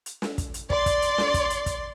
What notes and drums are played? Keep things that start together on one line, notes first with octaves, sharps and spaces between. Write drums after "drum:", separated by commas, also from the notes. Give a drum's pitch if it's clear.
drum: hi-hat
drum: snare
drum: kick, hi-hat
drum: hi-hat
D5 C6, drum: kick
drum: kick, hi-hat
drum: hi-hat
drum: snare
drum: kick, hi-hat
drum: hi-hat
drum: kick, hi-hat